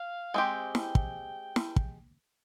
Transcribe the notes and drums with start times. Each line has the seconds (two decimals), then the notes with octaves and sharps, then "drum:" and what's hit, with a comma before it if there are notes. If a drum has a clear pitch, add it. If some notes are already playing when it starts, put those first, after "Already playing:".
Already playing: F5
0.34 G#3 C4 G4 G5
0.75 drum: snare
0.95 drum: kick
1.56 drum: snare
1.76 drum: kick